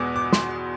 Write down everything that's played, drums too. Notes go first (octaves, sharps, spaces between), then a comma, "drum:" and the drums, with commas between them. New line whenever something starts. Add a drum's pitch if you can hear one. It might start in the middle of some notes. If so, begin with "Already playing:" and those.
Already playing: E2 B2 G#3 B3 D6 D#6
D6
C6, drum: snare